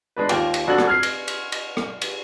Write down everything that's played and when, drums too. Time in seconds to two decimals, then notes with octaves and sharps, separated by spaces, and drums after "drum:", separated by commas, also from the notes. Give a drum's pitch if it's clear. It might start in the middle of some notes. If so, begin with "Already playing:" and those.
0.17 G#3 D4 B4
0.29 D#2 F4 G5 D6, drum: cymbal
0.54 drum: cymbal
0.67 F1 D4 F#4 E6 G#6 F#7
0.78 drum: rim click
0.88 F6 G#6 C7
1.03 drum: cymbal
1.28 drum: cymbal
1.52 drum: cymbal
1.77 drum: rim click
2.01 drum: cymbal